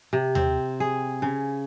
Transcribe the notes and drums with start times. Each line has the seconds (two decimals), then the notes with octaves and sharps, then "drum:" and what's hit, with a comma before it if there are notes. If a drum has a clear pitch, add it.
0.13 C3
0.35 C4, drum: tom D#2
0.80 G#4
1.22 C#3